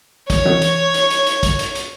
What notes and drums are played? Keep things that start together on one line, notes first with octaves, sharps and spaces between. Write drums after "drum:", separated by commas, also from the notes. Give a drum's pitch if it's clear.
C#5, drum: kick, hi-hat
drum: tom E3
drum: hi-hat
drum: hi-hat
drum: hi-hat
drum: hi-hat
drum: kick, hi-hat
drum: hi-hat
drum: hi-hat